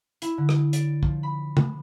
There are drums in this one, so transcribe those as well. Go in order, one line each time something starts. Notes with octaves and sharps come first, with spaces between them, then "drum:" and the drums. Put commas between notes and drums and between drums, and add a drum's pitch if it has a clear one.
E4, drum: hi-hat
D3
drum: rim click
D5, drum: hi-hat
F3, drum: kick
B5
drum: tom C#3